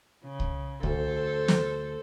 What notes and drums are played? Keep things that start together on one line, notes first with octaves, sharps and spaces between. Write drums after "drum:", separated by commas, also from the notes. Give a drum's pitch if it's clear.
C#3
drum: kick C2
D2 A4 C5, drum: kick C2
drum: snare